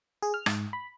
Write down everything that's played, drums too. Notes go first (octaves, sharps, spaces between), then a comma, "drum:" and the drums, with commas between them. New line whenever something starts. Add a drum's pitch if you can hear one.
G#4
F6
G#2, drum: rim click
B5